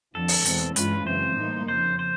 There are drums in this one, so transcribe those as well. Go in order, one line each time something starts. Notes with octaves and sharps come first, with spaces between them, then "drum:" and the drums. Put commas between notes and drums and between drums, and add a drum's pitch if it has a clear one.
F2 D3 F3 A4
drum: open hi-hat
E2 B2 G#3 C4, drum: hi-hat
G2 E3 G#3 C#4 F4 B4, drum: hi-hat
F#2 C#3 E3 G#3 C4 C5
A2 E3 G3 A#3 D#4
F2 C#3 F3 C5
C5